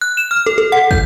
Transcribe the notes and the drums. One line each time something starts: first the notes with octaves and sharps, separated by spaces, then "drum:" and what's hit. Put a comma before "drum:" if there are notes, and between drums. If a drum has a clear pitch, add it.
F#6
E7
F6
A4
A4
F#5
G6, drum: kick